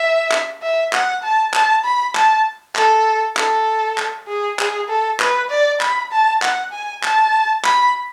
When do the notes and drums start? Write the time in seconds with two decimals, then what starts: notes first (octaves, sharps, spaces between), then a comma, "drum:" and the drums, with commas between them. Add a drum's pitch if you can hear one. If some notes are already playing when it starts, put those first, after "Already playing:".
Already playing: E5
0.31 drum: clap
0.62 E5
0.93 F#5, drum: clap
1.23 A5
1.54 A5, drum: clap
1.85 B5
2.15 A5, drum: clap
2.76 A4, drum: clap
3.37 A4, drum: clap
3.98 drum: clap
4.28 G#4
4.59 G#4, drum: clap
4.89 A4
5.20 B4, drum: clap
5.50 D5
5.81 B5, drum: clap
6.12 A5
6.42 F#5, drum: clap
6.72 G#5
7.03 A5, drum: clap
7.64 B5, drum: clap